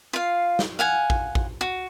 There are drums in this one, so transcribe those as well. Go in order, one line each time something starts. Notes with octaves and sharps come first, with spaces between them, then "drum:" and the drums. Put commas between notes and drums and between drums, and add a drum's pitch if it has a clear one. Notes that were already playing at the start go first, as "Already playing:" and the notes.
F4 F5
drum: snare
F5 F#5 G#5
drum: kick A1
drum: kick A1
F#4